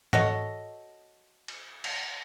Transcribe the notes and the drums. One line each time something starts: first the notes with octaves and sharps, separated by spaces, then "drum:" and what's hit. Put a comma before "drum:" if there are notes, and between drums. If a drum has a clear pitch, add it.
F#4 A4 C#5 D#5, drum: tom G#2
drum: cymbal
drum: cymbal